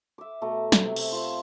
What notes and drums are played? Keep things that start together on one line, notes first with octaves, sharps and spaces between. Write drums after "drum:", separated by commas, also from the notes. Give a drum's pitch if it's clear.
E5 D6
B2 A3 A#5
drum: snare
C3
drum: cymbal
F4 C5